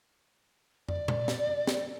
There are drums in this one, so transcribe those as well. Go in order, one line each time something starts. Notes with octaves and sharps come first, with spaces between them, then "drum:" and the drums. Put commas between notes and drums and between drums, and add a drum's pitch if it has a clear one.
D5, drum: tom
drum: tom A#2
drum: snare
drum: snare